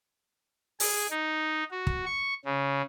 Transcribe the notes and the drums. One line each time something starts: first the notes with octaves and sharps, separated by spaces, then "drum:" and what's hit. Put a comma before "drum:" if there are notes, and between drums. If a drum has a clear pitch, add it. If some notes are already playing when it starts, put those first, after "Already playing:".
G#4, drum: open hi-hat
D#4
F#4
drum: kick
C#6
C#3